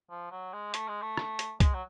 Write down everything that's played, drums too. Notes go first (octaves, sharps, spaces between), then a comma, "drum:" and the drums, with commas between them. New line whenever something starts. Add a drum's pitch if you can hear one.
F3
F#3
G#3
A3, drum: hi-hat
G#3
A3
drum: rim click
drum: hi-hat
G#3, drum: kick, hi-hat
F#3